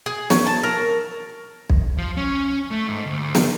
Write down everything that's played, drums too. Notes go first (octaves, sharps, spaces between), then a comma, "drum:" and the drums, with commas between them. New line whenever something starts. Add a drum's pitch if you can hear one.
G#4
C#4, drum: snare
A5
A#4
drum: kick B1
F3
C#4
A3
G#2
D2
drum: snare